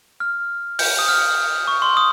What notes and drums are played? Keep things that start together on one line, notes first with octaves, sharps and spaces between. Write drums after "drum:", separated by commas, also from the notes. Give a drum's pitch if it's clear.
F6
G6, drum: open hi-hat
D#6
F6
C#6
C6
D#6